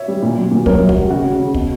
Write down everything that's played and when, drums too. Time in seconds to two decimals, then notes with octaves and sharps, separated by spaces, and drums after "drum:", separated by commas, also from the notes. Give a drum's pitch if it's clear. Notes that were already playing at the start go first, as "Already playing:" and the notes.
Already playing: C#5 E5
0.08 G3
0.22 A#2
0.37 F#3
0.51 A#2
0.66 F#2 A#4 C#5, drum: kick
0.80 F#2
0.89 F#4, drum: kick
0.96 G3
1.10 C#3 F#4
1.25 C#3
1.39 C#3
1.54 B2, drum: kick